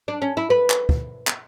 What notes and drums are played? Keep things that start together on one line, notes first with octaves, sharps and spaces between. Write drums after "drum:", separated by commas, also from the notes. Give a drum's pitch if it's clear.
D4
C#4
E4
B4
drum: clap
drum: kick
drum: clap